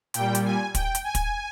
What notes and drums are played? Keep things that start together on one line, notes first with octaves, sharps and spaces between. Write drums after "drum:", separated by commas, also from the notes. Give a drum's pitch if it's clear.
A#2 G3 G5, drum: hi-hat
drum: hi-hat
G#5
G5, drum: kick, hi-hat
drum: hi-hat
G#5
drum: kick, hi-hat